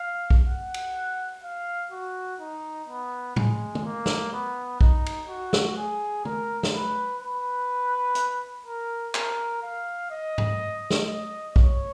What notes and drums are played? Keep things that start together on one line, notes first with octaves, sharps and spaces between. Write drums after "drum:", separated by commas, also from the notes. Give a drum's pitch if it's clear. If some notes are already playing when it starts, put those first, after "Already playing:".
Already playing: F5
drum: kick B1
F#5
drum: cymbal
F5
F#4
D#4
B3
G#3, drum: tom A2
drum: tom
A#3
drum: snare
B3
D#4, drum: kick B1
drum: cymbal
F#4
drum: snare
G#4
A#4, drum: tom
drum: snare
B4
B4
drum: hi-hat
A#4
A#4, drum: clap
F5
D#5
drum: tom G#2
drum: snare
D#5
C#5, drum: kick B1